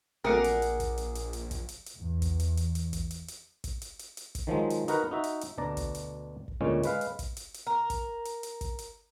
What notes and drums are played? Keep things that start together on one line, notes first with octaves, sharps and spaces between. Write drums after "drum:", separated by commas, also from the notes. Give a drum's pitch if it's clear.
A#1 F#3 A3 C4 G#4 A#4 D5 F#5
drum: hi-hat
drum: hi-hat
drum: kick, hi-hat
drum: hi-hat
drum: hi-hat
drum: hi-hat
drum: kick, hi-hat
drum: hi-hat
drum: hi-hat
E2
drum: kick, hi-hat
drum: hi-hat
drum: hi-hat
drum: hi-hat
drum: kick, hi-hat
drum: hi-hat
drum: hi-hat
drum: kick, hi-hat
drum: hi-hat
drum: hi-hat
drum: hi-hat
drum: kick, hi-hat
D#3 F3 F#3 G#3
drum: hi-hat
D#4 F#4 A#4 B4 F#5, drum: hi-hat
D#4 F#4 E5
drum: hi-hat
drum: hi-hat
D2 B2 D4 D5 A#5
drum: kick, hi-hat
drum: hi-hat
drum: kick
D2 A#2 G#3 C#4
G#3 B4 F5, drum: hi-hat
drum: hi-hat
drum: kick, hi-hat
drum: hi-hat
drum: hi-hat
A#4
drum: kick, hi-hat
drum: hi-hat
drum: hi-hat
drum: kick, hi-hat
drum: hi-hat